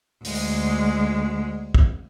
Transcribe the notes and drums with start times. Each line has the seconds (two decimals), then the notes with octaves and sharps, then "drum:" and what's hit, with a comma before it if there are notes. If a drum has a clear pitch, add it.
0.25 D2 G#3, drum: open hi-hat
1.74 drum: kick